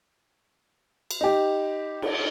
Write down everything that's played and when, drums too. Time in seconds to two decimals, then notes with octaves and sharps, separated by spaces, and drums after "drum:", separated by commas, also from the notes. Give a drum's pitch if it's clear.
1.11 drum: cymbal
1.21 D#4 G4
2.02 drum: cymbal